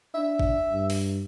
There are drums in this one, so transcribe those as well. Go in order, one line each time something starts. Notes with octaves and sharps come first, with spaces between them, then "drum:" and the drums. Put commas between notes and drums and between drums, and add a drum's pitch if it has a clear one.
D4 E5
drum: kick G#1
G2
drum: open hi-hat